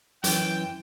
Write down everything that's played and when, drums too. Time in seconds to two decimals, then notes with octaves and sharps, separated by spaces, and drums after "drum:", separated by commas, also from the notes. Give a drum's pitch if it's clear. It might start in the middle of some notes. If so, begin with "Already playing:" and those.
0.24 F#2 E3 G5, drum: hi-hat